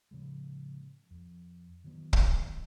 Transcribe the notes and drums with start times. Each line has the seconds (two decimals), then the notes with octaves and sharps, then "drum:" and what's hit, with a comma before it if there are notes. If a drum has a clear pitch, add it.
0.11 A2 C#3 F3 G#3
1.11 F2
1.84 D#3 E3 F#3 B3
2.13 drum: kick